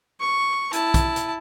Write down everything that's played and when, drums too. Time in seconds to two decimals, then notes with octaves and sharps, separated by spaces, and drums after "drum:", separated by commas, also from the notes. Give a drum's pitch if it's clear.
0.20 C#6
0.73 E4 A5, drum: hi-hat
0.94 drum: kick, hi-hat
1.16 drum: hi-hat